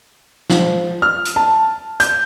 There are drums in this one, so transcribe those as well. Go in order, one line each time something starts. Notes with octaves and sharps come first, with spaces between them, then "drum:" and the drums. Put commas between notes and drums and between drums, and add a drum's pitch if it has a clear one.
F3, drum: snare
F6
drum: hi-hat
A5
G6, drum: hi-hat